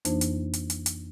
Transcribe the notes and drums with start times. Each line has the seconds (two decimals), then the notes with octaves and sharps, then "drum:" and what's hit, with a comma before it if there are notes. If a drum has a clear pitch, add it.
0.05 F2 E3 A#3 D4 D#4 C5, drum: hi-hat
0.21 drum: hi-hat
0.53 drum: hi-hat
0.70 drum: hi-hat
0.86 drum: hi-hat